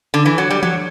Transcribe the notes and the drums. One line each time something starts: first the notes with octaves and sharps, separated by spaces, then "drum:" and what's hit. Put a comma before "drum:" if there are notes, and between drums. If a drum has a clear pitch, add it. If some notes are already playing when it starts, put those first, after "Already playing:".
D3
E3
F#3
G3
F#3, drum: tom E3